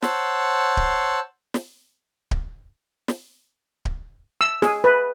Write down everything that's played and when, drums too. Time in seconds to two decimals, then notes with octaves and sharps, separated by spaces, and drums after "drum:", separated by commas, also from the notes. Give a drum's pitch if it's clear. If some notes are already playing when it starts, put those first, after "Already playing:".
0.02 C5 C#5 F#5 A5 C6 E6, drum: snare
0.77 drum: kick D1
1.54 drum: snare
2.31 drum: kick D1
3.08 drum: snare
3.85 drum: kick D1
4.41 E6
4.62 G#4, drum: snare
4.84 B4